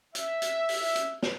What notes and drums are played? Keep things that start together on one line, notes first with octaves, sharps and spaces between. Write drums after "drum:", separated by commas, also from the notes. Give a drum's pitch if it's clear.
E5, drum: hi-hat
drum: hi-hat
drum: open hi-hat
drum: hi-hat
drum: snare